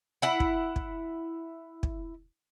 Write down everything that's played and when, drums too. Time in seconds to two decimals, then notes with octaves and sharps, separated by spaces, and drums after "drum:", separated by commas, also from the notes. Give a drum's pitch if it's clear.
0.22 E4 F#5
0.40 drum: kick
0.76 drum: kick
1.83 drum: kick